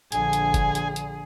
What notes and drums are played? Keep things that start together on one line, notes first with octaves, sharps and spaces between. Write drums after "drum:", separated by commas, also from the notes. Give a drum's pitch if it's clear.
A#1 D3 G#4 G#5, drum: hi-hat
drum: hi-hat
drum: kick F#1, hi-hat
drum: hi-hat
drum: hi-hat